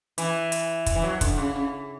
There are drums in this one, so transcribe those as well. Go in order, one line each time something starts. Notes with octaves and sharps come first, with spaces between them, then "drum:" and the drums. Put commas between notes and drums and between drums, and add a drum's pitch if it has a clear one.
E3, drum: hi-hat
drum: hi-hat
drum: kick, hi-hat
E3
F#3
D3, drum: kick, hi-hat
C#3
C#3